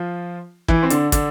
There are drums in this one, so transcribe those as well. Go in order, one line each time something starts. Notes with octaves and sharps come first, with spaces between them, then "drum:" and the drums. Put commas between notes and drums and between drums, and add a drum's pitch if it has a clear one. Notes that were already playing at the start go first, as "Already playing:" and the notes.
Already playing: F3 F4
E3 E4, drum: kick
C4
D3 D4, drum: hi-hat
D3 D4, drum: kick, hi-hat